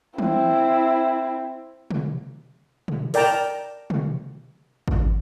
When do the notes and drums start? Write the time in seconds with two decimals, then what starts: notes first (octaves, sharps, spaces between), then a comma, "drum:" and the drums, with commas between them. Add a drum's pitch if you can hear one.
0.18 C4 E4, drum: tom
1.91 drum: tom
2.88 drum: tom
3.14 A#4 D5 G5 A5 A#5, drum: open hi-hat
3.90 drum: tom
4.88 drum: kick G#1